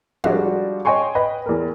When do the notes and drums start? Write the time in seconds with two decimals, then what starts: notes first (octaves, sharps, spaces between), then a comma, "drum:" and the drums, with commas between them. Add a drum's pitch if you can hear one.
0.24 F3 G3 G#3 D4 F#4, drum: tom
0.85 C#5 D#5 G5 G#5 C6 C#6
1.15 B4 D#5 G5 B5
1.46 E2 A#4